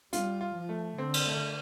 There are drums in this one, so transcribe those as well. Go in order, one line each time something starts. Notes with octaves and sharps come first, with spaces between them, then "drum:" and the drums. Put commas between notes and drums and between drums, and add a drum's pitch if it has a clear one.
G3 F4, drum: hi-hat
F4
F3
A3
D3 C4
drum: cymbal
A3